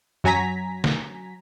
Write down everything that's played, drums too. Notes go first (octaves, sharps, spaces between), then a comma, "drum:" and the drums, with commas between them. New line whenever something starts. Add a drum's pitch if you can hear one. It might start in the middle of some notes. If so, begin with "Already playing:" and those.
F#2 F#3 G#5 A#5 B6
drum: snare